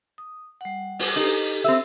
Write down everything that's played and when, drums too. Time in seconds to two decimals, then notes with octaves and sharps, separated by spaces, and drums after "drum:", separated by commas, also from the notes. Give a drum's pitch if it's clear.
0.18 D#6
0.61 G3 F#5
0.99 drum: open hi-hat
1.16 D#4 G4 A4
1.64 C4 E5